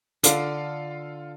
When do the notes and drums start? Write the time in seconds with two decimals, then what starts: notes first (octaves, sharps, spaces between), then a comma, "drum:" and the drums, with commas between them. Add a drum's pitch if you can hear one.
0.23 D3 F4 A4 F5, drum: hi-hat